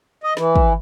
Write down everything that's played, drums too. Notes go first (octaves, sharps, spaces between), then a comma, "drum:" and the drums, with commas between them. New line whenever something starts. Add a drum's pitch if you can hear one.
D#5
E3, drum: snare
drum: kick